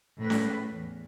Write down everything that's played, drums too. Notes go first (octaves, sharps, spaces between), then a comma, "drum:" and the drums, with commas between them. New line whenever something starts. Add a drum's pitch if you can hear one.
A2 B4
drum: snare C#4
E2